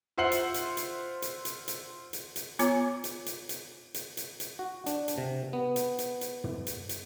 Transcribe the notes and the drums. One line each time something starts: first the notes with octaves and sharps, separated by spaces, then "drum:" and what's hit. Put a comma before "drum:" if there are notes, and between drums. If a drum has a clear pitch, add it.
F4 C5 E5 F#5 C7 F#7
drum: hi-hat
drum: hi-hat
drum: hi-hat
drum: hi-hat
drum: hi-hat
drum: hi-hat
drum: hi-hat
drum: hi-hat
B3 F4 C#5 A#5 D6, drum: hi-hat
drum: hi-hat
drum: hi-hat
drum: hi-hat
drum: hi-hat
drum: hi-hat
drum: hi-hat
F#4
D4, drum: hi-hat
drum: hi-hat
C3
B3
drum: hi-hat
drum: hi-hat
drum: hi-hat
drum: tom
drum: hi-hat
drum: hi-hat